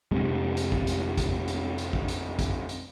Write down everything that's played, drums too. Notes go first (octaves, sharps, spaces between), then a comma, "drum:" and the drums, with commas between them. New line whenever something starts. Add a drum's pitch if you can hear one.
F2 C3 G#3 A3
drum: hi-hat
drum: kick
drum: hi-hat
drum: kick, hi-hat
drum: hi-hat
drum: hi-hat
drum: kick
drum: hi-hat
drum: kick, hi-hat
drum: hi-hat